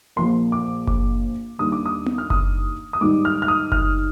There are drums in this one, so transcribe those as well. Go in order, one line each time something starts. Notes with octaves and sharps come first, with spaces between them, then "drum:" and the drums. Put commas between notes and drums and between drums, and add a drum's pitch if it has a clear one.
A#1 A#2 F3 A#3 C6
D6
D6, drum: kick F#1
D#2 D#3 G3 D4 D#6
D6
D#6
drum: tom B3
F6
D#6, drum: kick F#1
D#6
G#2 D#3 G3 D6
F6
F6
D#6
F6, drum: kick F#1